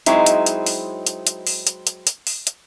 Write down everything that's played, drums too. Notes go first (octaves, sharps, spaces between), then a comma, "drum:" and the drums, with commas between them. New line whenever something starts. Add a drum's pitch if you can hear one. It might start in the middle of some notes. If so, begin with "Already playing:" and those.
F#3 G#3 C4 D#4 E4, drum: hi-hat
drum: hi-hat
drum: hi-hat
drum: open hi-hat
drum: hi-hat
drum: hi-hat
drum: open hi-hat
drum: hi-hat
drum: hi-hat
drum: hi-hat
drum: open hi-hat
drum: hi-hat